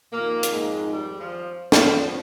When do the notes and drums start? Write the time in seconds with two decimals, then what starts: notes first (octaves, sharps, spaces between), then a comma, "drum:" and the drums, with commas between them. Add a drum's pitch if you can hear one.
0.12 F2 A#2 D#3 A#3
0.43 drum: hi-hat
0.53 G#2 G#3
0.93 G3
1.20 F3
1.72 F2 D3 F3, drum: snare